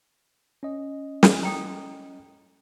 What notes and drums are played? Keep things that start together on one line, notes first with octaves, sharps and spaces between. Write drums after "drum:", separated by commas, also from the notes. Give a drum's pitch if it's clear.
C#4 D#5
drum: snare
A4 G5 A#5